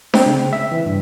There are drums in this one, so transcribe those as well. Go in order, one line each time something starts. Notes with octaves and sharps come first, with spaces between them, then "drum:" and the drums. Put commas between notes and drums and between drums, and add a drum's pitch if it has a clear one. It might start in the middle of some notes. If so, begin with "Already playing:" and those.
C4, drum: snare D4
C#3
E5
E3
G2